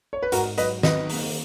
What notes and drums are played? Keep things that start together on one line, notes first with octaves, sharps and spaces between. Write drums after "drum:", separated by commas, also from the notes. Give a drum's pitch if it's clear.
C#5
B4
G#2 F#4 A#4, drum: hi-hat
F#3 B4 D#5, drum: hi-hat
D#3 B4 D#5, drum: snare
A#3, drum: open hi-hat